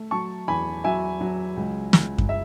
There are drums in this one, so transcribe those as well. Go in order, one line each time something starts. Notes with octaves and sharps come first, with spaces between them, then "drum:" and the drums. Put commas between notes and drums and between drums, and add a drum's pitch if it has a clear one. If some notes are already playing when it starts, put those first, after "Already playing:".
Already playing: A3
F#3 A5 C#6
E2 G#5 B5
F#3 E5 G#5
F#3
C#2
C#2, drum: snare
drum: kick F#2
G#3 E5